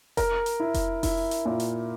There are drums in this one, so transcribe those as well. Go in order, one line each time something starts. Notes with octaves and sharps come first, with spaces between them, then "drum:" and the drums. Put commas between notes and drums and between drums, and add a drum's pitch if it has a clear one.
A#4, drum: kick F1, hi-hat
drum: hi-hat
E4
drum: kick F1, hi-hat
E4, drum: kick F1, open hi-hat
drum: hi-hat
A#2
drum: hi-hat